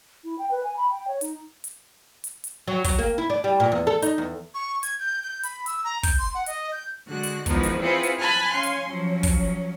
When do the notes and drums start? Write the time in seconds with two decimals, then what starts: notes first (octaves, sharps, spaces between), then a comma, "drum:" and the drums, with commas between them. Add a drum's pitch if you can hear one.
0.24 E4
0.39 G5
0.51 B4
0.63 G#5
0.77 B5
0.90 G5
1.08 C#5
1.21 D#4, drum: hi-hat
1.64 drum: hi-hat
2.24 drum: hi-hat
2.44 drum: hi-hat
2.68 F#3
2.84 F#3, drum: kick, open hi-hat
2.99 A#3
3.18 E4
3.30 D4
3.44 G3
3.60 A#2
3.72 E2
3.87 A4
4.02 D#4, drum: hi-hat
4.18 E2
4.54 C#6
4.83 G#6, drum: hi-hat
4.99 G6
5.23 G6
5.43 B5, drum: hi-hat
5.66 E6, drum: hi-hat
5.84 A#5
6.03 G6, drum: kick, open hi-hat
6.19 C6
6.34 F#5
6.46 D#5, drum: hi-hat
6.72 G6
7.07 D3 G#3 F#4 F#6
7.23 drum: hi-hat
7.46 E2 D#3 F3 G#3 B3 D#4, drum: kick, hi-hat
7.63 drum: hi-hat
7.80 C4 E4 F4 G#4 B4 F#5
8.03 drum: hi-hat
8.19 G#5 A5 B5 F6 F#6
8.52 C#4 F5 G#5 C6
8.63 drum: hi-hat
8.86 F3 F#3 C#4
9.23 drum: kick, open hi-hat